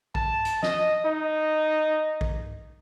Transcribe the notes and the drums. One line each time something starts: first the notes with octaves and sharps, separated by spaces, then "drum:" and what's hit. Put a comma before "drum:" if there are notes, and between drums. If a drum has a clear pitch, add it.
A5, drum: kick A#1
drum: hi-hat
D#5, drum: snare
D#4
drum: kick A#1